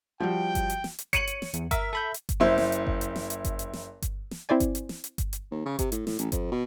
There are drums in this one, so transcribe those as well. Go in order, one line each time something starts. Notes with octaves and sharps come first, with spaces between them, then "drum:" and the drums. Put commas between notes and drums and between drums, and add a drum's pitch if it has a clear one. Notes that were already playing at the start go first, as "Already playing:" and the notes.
F3 G3 F#4 G5
drum: kick G1, hi-hat
drum: hi-hat
drum: snare
drum: hi-hat
C#5 C#7 D#7 F#7, drum: kick G1, hi-hat
drum: hi-hat
drum: snare
E2, drum: hi-hat
A#4 E5, drum: kick G1, hi-hat
A4 B5 G6
drum: hi-hat
drum: kick G1, hi-hat
F#1 E4 C5
drum: snare
drum: hi-hat
drum: kick G1
drum: hi-hat
drum: snare
drum: hi-hat
drum: kick G1, hi-hat
drum: hi-hat
drum: snare
drum: kick G1, hi-hat
drum: snare
C4 E4 C5 D5 G#5
drum: kick G1, hi-hat
drum: hi-hat
drum: snare
drum: hi-hat
drum: kick G1, hi-hat
drum: hi-hat
D#2
C#3
C3, drum: kick G1, hi-hat
A2, drum: hi-hat
A2, drum: snare
A1, drum: hi-hat
F2, drum: kick G1, hi-hat
B2